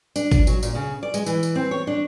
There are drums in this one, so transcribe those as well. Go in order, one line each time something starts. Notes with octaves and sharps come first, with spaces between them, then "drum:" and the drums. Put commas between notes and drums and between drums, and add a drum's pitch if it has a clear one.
D4, drum: tambourine
drum: kick G#1, tambourine
F#3, drum: tambourine
A#2, drum: tambourine
C#3
D5
G#3, drum: tambourine
E3, drum: tambourine
drum: tambourine
C4
C#5
D4